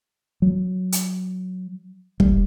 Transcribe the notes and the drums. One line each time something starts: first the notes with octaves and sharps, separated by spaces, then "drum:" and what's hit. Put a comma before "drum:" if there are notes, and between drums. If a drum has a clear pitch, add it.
F#3
drum: hi-hat
G3, drum: kick